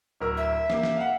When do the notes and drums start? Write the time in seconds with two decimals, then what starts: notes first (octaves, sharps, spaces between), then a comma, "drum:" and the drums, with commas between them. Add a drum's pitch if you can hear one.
0.20 D1 A#4 E6
0.37 E5
0.70 A#3 G4, drum: snare
0.83 drum: snare
0.97 F5 F#5